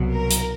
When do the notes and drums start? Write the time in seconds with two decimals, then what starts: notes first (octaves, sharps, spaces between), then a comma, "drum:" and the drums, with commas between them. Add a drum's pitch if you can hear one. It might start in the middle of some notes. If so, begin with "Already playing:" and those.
Already playing: C2 B2 F#3
0.11 A#4
0.30 drum: hi-hat